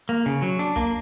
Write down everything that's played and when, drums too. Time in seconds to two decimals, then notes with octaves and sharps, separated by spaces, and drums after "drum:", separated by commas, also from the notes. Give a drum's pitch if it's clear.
0.09 A#3
0.26 C#3
0.42 F#3
0.59 D4
0.76 A#3, drum: kick